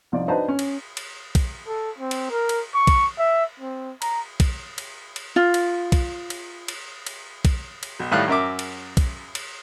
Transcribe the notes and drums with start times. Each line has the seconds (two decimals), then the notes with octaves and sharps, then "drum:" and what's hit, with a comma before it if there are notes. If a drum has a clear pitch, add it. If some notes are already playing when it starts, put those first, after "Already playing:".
0.12 C2 F3 D#4 D5
0.28 D4 D#4 F#4 B4 C5 A5
0.48 C#4
0.59 drum: cymbal
0.97 drum: cymbal
1.35 drum: kick B1, cymbal
1.67 A4
1.99 C4
2.11 drum: cymbal
2.31 A#4
2.49 drum: cymbal
2.75 C#6
2.87 drum: kick B1, cymbal
3.18 E5
3.60 C4
4.02 A#5, drum: cymbal
4.40 drum: kick B1, cymbal
4.78 drum: cymbal
5.16 drum: cymbal
5.36 F4
5.54 drum: cymbal
5.92 drum: kick B1, cymbal
6.30 drum: cymbal
6.68 drum: cymbal
7.07 drum: cymbal
7.45 drum: kick B1, cymbal
7.83 drum: cymbal
7.99 B1
8.12 A2 D#3 G3 A3 F5 F#6
8.28 F#2 A#4 E5 D6
8.59 drum: cymbal
8.97 drum: kick B1, cymbal
9.35 drum: cymbal